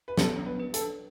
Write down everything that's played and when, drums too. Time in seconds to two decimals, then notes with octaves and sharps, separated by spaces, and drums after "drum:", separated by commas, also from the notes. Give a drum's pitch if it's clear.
0.08 B4
0.18 B3 A4, drum: snare
0.39 D4
0.46 B4
0.60 B4
0.74 A4, drum: hi-hat
0.81 D4